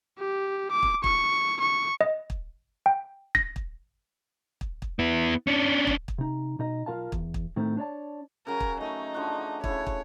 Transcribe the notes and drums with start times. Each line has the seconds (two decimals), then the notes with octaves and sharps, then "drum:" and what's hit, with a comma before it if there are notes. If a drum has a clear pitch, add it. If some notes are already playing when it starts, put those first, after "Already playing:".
0.20 G4
0.72 D6
0.83 drum: kick
1.04 C#6, drum: kick
1.61 C#6
2.01 D#5
2.30 drum: kick
2.86 G5
3.35 A#6, drum: kick
3.56 drum: kick
4.61 drum: kick
4.82 drum: kick
4.99 B3 E4
5.47 C#4 D4
5.87 drum: kick
6.08 drum: kick
6.18 C3 D#4
6.59 B2 D#4 D#5
6.86 B1 F#2 F4 A#4 F5 A5
7.12 E2, drum: kick
7.34 drum: kick
7.56 A2 D#3 A3 C4
7.77 D4 C#5 D5 A5
8.47 C#3 F#3 A#4 G#5
8.60 drum: kick
8.81 A3 D#4
9.14 D3 F3 F#4
9.64 C#3 E4 C#5, drum: kick
9.87 drum: kick